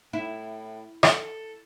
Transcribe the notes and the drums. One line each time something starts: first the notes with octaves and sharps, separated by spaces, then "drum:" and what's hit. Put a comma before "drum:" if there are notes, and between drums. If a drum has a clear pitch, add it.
A2 E4
A4, drum: rim click